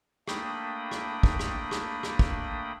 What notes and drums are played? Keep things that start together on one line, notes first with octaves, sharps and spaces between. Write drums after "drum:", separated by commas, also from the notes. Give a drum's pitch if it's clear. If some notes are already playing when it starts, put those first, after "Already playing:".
A3 A#3 D4 G5 B5 D#6, drum: rim click
drum: rim click
drum: kick
drum: rim click
drum: rim click
drum: rim click
drum: kick